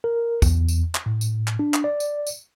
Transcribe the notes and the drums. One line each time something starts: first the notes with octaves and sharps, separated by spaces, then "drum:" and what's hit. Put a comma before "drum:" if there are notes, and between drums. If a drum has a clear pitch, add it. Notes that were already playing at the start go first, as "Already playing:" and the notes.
A#4
E2, drum: kick, tambourine
drum: tambourine
drum: clap
A2
drum: tambourine
drum: clap
D4
drum: clap
D5
drum: tambourine
drum: tambourine